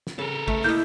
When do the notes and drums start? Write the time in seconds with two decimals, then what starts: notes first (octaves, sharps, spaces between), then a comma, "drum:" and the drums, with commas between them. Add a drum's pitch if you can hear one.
0.07 drum: snare
0.19 C#3 A4 A#4
0.48 A3, drum: kick
0.64 A#3 E4 D#5 G6